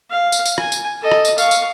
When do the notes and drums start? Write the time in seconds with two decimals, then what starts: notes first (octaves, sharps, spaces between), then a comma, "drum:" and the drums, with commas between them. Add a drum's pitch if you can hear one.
0.11 F5
0.32 drum: tambourine
0.46 drum: tambourine
0.58 G#5, drum: rim click
0.72 drum: tambourine
1.02 A4 D#5
1.11 drum: rim click
1.25 drum: tambourine
1.38 F5 C#6, drum: tambourine
1.51 drum: tambourine